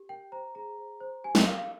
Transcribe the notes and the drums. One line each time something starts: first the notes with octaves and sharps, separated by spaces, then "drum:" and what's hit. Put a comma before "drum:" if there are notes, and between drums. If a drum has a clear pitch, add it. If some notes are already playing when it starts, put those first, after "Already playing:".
Already playing: G4
A#4 G5
C5 A#5
G#4 A#5
C5
C5
G4 G#5
G5, drum: snare
A#4 F5
F5